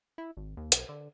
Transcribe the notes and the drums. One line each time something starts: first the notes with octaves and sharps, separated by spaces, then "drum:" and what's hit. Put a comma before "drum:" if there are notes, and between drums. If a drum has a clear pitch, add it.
E4
G#1
D#2
B1, drum: hi-hat
D3